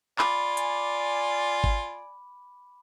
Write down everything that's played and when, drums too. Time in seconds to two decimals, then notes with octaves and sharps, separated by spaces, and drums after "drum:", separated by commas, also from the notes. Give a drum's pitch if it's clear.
0.19 F4 D5 G#5 B5 D6, drum: clap
0.57 drum: hi-hat
1.64 drum: kick G#1